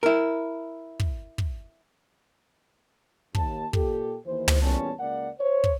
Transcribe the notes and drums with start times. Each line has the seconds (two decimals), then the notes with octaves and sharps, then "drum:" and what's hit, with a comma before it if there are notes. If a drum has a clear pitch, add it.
0.03 E4 A#4
1.00 drum: kick
1.38 drum: kick
3.35 D#2 A5, drum: kick
3.73 A#2 G4 A4, drum: kick
4.25 D#2 E3 C5
4.48 drum: tom
4.61 E2 A#2 G3 C#4 C#5 A5
4.99 C#2 A#3 D5 F#5
5.39 C5 C#5
5.64 drum: kick